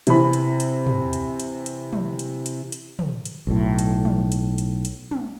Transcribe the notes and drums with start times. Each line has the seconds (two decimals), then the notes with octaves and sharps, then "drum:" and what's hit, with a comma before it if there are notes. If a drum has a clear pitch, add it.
0.07 C3 E3 B5, drum: hi-hat
0.33 drum: hi-hat
0.60 drum: hi-hat
0.86 drum: tom
1.13 drum: hi-hat
1.40 drum: hi-hat
1.66 drum: hi-hat
1.93 drum: tom
2.19 drum: hi-hat
2.46 drum: hi-hat
2.72 drum: hi-hat
2.99 drum: tom
3.25 drum: hi-hat
3.47 B1 A2
3.79 drum: hi-hat
4.05 drum: tom
4.32 drum: hi-hat
4.58 drum: hi-hat
4.85 drum: hi-hat
5.11 drum: tom